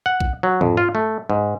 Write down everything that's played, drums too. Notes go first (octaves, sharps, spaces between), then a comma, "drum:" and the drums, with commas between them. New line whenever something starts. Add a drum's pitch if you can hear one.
F#5
drum: kick A#1
F#3
F2, drum: tom G#2
F4
A3
G#2